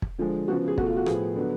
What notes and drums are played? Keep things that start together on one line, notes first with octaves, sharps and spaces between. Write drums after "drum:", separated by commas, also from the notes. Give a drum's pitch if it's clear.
drum: kick
D3 F3 G#3
C#3 F3 B3 F#4
G#4
B2 A3 F#4, drum: kick
F4
F#4
A2 F3 B3 G#4, drum: rim click
D3 F#3 B3